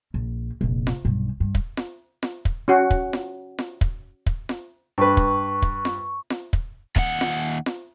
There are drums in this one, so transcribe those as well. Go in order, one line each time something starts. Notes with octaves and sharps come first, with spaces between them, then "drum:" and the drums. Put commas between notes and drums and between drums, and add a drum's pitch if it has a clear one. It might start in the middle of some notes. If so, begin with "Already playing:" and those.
A#1
F1 A#1
drum: snare F4
B1 G2
G2
drum: kick
drum: snare F4
drum: snare F4
drum: kick
C#4 F#4
drum: kick
drum: snare F4
drum: snare F4
drum: kick
drum: kick
drum: snare F4
G2 B4 C#6
drum: kick
drum: kick
drum: snare F4
drum: snare F4
drum: kick
D#2 F#5, drum: kick
drum: snare F4
drum: snare F4